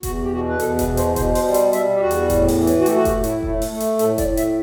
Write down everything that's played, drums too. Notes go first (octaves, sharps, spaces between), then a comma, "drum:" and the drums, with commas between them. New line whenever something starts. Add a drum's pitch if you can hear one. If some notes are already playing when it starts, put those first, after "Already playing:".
E2 F#4, drum: kick F1, hi-hat
G4
B2 F#4
B4
E2 A4, drum: hi-hat
B4, drum: kick F1, hi-hat
B2
C5, drum: hi-hat
B2 C5, drum: kick F1, hi-hat
C5, drum: open hi-hat
G3
C5, drum: hi-hat
G3 E5, drum: hi-hat
G4
E2 F#4
drum: hi-hat
A2, drum: kick F1, hi-hat
drum: open hi-hat
E3
drum: hi-hat
F#4
A3 G4, drum: hi-hat
F#4
G4, drum: kick F1, hi-hat
A2
E4, drum: hi-hat
A3, drum: kick F1
drum: open hi-hat
A3
drum: hi-hat
A2 A4, drum: hi-hat
D5, drum: kick F1, hi-hat
A2
E5, drum: hi-hat